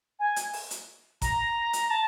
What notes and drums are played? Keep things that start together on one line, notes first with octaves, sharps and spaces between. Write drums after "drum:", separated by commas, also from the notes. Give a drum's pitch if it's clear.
G#5
drum: hi-hat
drum: open hi-hat
drum: hi-hat
A#5, drum: kick G1, hi-hat
drum: hi-hat
A5